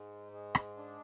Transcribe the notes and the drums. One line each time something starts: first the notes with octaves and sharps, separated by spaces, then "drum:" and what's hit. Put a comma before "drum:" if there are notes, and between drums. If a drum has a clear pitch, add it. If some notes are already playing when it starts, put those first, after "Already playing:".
Already playing: G#2 G#3
G#3
drum: rim click
D4